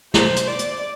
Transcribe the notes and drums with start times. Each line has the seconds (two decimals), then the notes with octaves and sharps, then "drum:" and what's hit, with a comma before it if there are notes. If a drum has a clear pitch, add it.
0.14 C5, drum: snare
0.36 drum: hi-hat
0.48 D5
0.59 drum: hi-hat